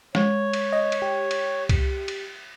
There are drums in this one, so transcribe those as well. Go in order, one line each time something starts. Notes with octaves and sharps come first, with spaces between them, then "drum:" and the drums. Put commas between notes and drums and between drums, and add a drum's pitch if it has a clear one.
G#3 C#5, drum: snare
drum: cymbal
D#5
drum: cymbal
G4
drum: cymbal
drum: kick C2, cymbal
drum: cymbal